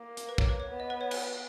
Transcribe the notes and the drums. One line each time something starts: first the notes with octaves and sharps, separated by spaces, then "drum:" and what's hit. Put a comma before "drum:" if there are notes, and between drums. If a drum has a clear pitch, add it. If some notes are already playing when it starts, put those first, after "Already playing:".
Already playing: A#3
drum: hi-hat
B4
C#5, drum: kick
B4
C#5
B3
D#5
B4
C#5
B4, drum: cymbal